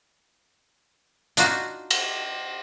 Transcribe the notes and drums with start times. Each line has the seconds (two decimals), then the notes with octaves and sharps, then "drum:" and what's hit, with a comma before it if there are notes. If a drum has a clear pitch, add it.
1.37 D4 D#4 F4 F#4, drum: hi-hat
1.91 drum: cymbal